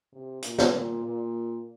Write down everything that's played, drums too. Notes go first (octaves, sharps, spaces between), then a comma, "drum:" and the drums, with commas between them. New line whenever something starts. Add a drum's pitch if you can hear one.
C3
A#2, drum: hi-hat
drum: snare
A#2
A#2